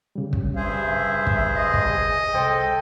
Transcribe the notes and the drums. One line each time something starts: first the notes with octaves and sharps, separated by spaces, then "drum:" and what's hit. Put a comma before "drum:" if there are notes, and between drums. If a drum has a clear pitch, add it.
C#3 G3
drum: kick
G2 G#4 C5 E5
drum: kick
D#5
drum: kick
G#4
C2 A4 C5 G5